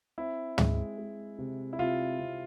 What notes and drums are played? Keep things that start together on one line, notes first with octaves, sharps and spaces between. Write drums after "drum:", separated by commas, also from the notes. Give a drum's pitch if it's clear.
C4 E4
G#3, drum: tom
G#3
C3
E4
C3 F4
C3